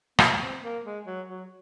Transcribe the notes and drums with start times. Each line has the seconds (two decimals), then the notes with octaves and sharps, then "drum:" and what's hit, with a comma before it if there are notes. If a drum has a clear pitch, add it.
0.19 B3, drum: rim click
0.40 C4
0.62 A#3
0.84 G#3
1.06 F#3
1.28 F#3